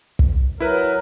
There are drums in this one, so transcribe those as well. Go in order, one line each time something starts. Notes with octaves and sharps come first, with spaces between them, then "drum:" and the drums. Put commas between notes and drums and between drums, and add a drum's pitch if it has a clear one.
drum: kick
F#3 E4 A#4 B4